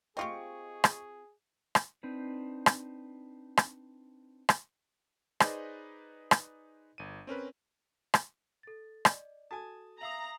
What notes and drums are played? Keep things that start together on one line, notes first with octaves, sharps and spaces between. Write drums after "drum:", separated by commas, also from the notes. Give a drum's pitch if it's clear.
C4 F4 G4 G#4 D#5 C#6 C#7
drum: rim click
drum: rim click
C4 D4 D#4 B4
drum: rim click
drum: rim click
drum: rim click
D#4 G#4 B4 C5 D5 D#5, drum: rim click
drum: rim click
G1 D#7
C4 C#4 A#4 B4
drum: rim click
A4 A6
D5 D#5, drum: rim click
F#4 A4 G#5 A5 D#6
E5 F5 A#5 D#6 E6 C7 F#7